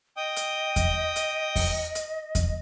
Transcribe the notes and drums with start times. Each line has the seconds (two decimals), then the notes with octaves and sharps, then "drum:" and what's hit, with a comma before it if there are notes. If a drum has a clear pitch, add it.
0.17 D#5 G5 D#6
0.37 drum: hi-hat
0.76 drum: kick E2, hi-hat
1.16 drum: hi-hat
1.56 drum: kick E2, open hi-hat
1.95 drum: hi-hat
2.35 drum: kick E2, hi-hat